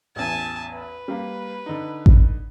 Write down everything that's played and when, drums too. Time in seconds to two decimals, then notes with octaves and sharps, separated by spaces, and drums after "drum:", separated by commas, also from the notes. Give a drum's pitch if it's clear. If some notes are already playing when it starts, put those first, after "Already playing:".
0.16 A1 E2 G#5 A5
0.74 B4
1.08 G3 A#3
1.66 D3 D#4
2.06 drum: kick A1